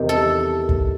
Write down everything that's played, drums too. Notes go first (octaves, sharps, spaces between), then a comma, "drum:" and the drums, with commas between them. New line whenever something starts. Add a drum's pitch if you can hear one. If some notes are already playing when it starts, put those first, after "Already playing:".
Already playing: E2 C3 D#3
A4
drum: kick